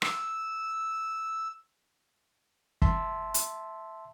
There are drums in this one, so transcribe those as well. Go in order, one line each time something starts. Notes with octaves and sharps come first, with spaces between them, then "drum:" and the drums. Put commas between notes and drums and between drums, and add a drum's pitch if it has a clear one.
E6, drum: rim click
E5 A5 C6, drum: kick
drum: hi-hat